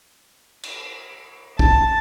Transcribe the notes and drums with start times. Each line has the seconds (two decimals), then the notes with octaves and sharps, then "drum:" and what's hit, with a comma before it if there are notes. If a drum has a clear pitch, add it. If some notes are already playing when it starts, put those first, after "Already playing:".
0.63 drum: cymbal
1.59 A5, drum: kick